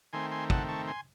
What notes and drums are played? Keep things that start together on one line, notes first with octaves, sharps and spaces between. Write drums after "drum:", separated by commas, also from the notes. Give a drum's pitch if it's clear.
D#3 A3 C4 G#5 C6
G#5 C6
F#5 A5, drum: kick
A5 C#6
G#5 C6